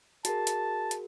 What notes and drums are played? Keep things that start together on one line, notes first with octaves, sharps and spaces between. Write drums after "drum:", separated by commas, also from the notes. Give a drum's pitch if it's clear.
F#4 G#4 A#4 A5, drum: hi-hat
drum: hi-hat
drum: hi-hat